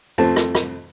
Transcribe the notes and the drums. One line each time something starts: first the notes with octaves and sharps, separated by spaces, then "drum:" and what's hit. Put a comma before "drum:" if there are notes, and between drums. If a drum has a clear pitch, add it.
F2 A3 C4 A5
drum: rim click
drum: rim click